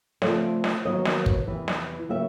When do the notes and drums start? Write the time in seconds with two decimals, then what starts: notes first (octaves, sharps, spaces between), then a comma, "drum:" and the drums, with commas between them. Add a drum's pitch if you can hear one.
0.22 C#3 F3 A3 C4 D5, drum: snare
0.64 drum: snare
0.85 D#2 D#3 F#3 B3 D#5
1.05 drum: snare
1.26 drum: kick
1.47 E2 C3 E3
1.68 drum: snare
2.09 C#3 F#3 A#3 E5